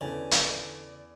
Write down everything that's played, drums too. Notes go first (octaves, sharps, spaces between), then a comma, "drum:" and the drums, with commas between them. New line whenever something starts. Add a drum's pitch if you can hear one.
E2 D3 C#4 G#5
D5, drum: hi-hat